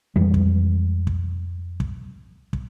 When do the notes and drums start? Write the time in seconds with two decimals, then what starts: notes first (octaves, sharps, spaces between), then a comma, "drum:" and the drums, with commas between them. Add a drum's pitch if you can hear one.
0.16 F2 E3 G3 G#3
0.34 drum: kick
1.07 drum: kick
1.80 drum: kick
2.53 drum: kick